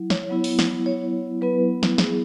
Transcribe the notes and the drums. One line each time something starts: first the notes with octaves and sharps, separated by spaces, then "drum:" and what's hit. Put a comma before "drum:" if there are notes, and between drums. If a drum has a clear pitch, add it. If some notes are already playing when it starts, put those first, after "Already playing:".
Already playing: F#3 E4
C#5, drum: snare
F#3 B3 E4
drum: open hi-hat
drum: snare
C#5
F#3 B3 E4 B4
drum: snare
G#4, drum: snare